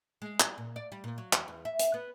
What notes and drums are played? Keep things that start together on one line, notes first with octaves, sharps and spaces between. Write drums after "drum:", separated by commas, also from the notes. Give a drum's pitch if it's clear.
G#3
G3, drum: clap
A#2
D5
G3
A#2
F#3
E2, drum: clap
E2
E5
drum: hi-hat
B3